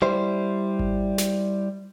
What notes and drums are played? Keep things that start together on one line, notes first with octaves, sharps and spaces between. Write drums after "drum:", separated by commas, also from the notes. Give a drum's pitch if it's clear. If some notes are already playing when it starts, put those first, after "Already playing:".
G3 E4 C5
drum: kick G#1
drum: snare